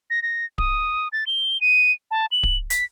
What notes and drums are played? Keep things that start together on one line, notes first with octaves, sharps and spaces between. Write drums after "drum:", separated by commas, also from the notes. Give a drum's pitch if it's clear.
A#6
A#6
D#6, drum: kick D1
A6
G7
D#7
A5
F#7
drum: kick D1
B6, drum: hi-hat